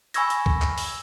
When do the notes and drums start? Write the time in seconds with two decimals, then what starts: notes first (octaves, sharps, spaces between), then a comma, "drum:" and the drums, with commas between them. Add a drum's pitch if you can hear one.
0.14 G#5 B5 C#6 E6 G#6 A#6, drum: hi-hat
0.30 drum: hi-hat
0.46 drum: kick C#2
0.62 drum: clap
0.78 drum: open hi-hat